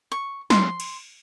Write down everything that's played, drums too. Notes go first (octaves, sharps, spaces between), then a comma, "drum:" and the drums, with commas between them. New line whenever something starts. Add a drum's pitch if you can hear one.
C#6
C6, drum: snare
drum: cymbal